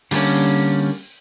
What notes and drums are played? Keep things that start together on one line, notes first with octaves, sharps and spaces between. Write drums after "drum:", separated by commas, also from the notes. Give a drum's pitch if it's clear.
D3 G3 A3 A#3 C#4, drum: open hi-hat